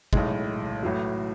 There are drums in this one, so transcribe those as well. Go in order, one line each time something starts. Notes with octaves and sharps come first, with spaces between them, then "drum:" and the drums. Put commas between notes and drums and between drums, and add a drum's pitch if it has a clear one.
B1 A2 G#3, drum: kick
A1 A2 F#3